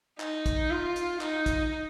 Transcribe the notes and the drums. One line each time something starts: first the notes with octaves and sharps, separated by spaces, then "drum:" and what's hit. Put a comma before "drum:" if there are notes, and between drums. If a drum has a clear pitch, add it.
D#4, drum: clap
drum: kick, hi-hat
F4
drum: hi-hat
D#4, drum: clap
drum: kick, hi-hat